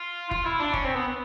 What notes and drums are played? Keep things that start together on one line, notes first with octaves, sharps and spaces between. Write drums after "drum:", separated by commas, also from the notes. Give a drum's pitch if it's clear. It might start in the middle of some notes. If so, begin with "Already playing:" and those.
Already playing: F4
F4, drum: kick F#1
E4
D4
C#4, drum: kick F#1
C4
B3